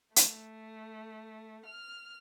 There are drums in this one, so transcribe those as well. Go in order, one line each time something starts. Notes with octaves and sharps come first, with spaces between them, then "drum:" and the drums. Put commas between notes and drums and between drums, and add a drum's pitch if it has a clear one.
A3, drum: hi-hat
F6